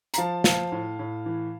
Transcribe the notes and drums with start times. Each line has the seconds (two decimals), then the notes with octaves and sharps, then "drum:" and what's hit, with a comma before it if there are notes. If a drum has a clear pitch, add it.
0.14 A#5, drum: hi-hat
0.18 F3 F5 A5
0.44 F3 F5 A5, drum: snare
0.72 A2
0.99 A2
1.26 E3